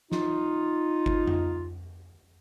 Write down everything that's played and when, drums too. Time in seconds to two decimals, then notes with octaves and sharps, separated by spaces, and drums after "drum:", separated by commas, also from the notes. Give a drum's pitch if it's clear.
0.12 D#4 F4, drum: snare
1.06 drum: kick G1
1.27 drum: tom F2